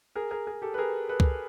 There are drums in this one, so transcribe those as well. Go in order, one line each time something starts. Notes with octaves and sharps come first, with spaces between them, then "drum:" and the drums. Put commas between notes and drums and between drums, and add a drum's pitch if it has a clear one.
G#4 A#4
G#4 A#4
G#4 A#4
G4 A4
B4
G#4 A#4
A4 B4
drum: kick